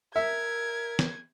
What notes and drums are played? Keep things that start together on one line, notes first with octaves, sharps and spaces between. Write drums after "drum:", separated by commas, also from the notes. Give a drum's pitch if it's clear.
A#4 E5 G#6
drum: snare